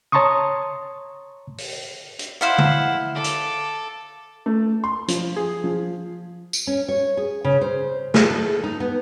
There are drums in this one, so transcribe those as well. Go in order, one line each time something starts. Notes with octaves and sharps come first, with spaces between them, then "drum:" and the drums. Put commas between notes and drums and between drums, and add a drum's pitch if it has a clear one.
C#5 A5 A#5 C6 C#6 D#6
drum: open hi-hat
drum: hi-hat
E4 C5 F5 F#5
drum: tom D3
A4 D6
drum: hi-hat
A3
C6
F3, drum: hi-hat
G#4
F3
drum: tambourine
C#4
C#5
G#4
C#3
C5
G#4, drum: snare A3
A4
D#4
B3